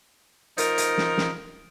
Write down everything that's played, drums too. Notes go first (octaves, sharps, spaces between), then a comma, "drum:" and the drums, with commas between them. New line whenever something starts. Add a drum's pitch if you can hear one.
F3 D#4 A#4, drum: hi-hat
drum: hi-hat
drum: snare
drum: snare